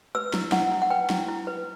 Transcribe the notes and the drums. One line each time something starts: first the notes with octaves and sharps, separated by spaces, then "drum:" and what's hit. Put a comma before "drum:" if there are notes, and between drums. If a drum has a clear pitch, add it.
B4 E6
E4, drum: snare
E4 F#5, drum: snare
E4
F#5
B4 G5
E4, drum: snare
E4
B4